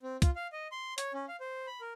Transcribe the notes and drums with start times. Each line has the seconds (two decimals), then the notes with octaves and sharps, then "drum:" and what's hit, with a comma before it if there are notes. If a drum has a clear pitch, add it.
0.03 C4
0.22 F4, drum: kick, hi-hat
0.36 F5
0.52 D#5
0.72 C6
0.98 C#5, drum: hi-hat
1.14 C#4
1.28 F5
1.40 C5
1.67 B5
1.81 A#4